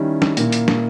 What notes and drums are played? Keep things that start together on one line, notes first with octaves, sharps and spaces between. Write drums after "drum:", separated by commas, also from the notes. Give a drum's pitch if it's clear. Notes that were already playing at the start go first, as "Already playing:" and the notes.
Already playing: D#3 G3 C#4 E4
drum: snare
A#2 A#3 E4, drum: hi-hat
drum: hi-hat
drum: snare